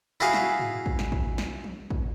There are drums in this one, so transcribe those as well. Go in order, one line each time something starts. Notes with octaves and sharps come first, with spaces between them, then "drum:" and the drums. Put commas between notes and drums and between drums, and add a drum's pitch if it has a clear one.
E4 F#4 G#4 F5
drum: snare
drum: tom
drum: kick
drum: snare
drum: kick
drum: snare
drum: tom
drum: kick